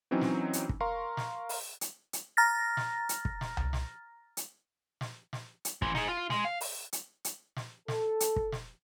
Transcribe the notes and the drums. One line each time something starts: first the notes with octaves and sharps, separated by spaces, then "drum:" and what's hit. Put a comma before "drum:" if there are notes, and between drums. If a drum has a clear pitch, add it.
E3 F#3 C4 C#4 D#4
drum: snare
drum: hi-hat
drum: kick
A#4 F5 A#5 C6 C#6
drum: snare
drum: open hi-hat
drum: hi-hat
drum: hi-hat
A#5 F6 A6 A#6
drum: snare
drum: hi-hat
drum: kick
drum: snare
drum: tom C2
drum: snare
drum: hi-hat
drum: snare
drum: snare
drum: hi-hat
E3 C4, drum: kick
D#4 G#4, drum: snare
F4
G#3, drum: snare
F5
drum: open hi-hat
drum: hi-hat
drum: hi-hat
drum: snare
A4, drum: snare
drum: hi-hat
drum: kick
drum: snare